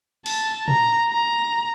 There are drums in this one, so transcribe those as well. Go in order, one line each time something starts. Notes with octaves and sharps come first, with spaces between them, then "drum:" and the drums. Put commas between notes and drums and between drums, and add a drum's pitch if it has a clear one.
A5, drum: cymbal
A#5, drum: tom
A#5